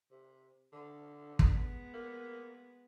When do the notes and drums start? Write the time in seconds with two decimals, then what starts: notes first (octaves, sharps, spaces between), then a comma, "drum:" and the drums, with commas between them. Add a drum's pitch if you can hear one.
0.11 C3
0.72 D3
1.39 G#3 B3, drum: kick
1.94 A#3